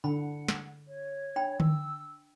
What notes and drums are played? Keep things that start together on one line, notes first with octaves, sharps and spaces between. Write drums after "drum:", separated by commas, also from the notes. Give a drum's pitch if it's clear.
D3 F#5 B5
drum: snare
C#5
D4 G5 B5
E6, drum: tom D3